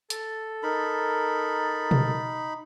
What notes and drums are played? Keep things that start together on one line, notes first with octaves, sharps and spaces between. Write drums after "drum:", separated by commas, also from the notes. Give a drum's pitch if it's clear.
A4, drum: hi-hat
D#4 A#4 B5
drum: tom B2